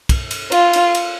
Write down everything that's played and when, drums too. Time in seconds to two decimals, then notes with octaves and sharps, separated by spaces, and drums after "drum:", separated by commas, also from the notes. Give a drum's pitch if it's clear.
0.09 drum: kick, cymbal
0.31 drum: cymbal
0.52 F4, drum: cymbal
0.73 drum: cymbal
0.95 drum: cymbal